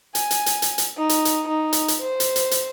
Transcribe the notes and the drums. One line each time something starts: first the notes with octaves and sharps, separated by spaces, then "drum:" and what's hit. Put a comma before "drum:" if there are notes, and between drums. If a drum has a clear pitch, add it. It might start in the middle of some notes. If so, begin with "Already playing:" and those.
G#5, drum: hi-hat
drum: hi-hat
drum: hi-hat
drum: hi-hat
drum: hi-hat
D#4
drum: hi-hat
drum: hi-hat
D#4
drum: hi-hat
drum: hi-hat
C5
drum: hi-hat
drum: hi-hat
drum: hi-hat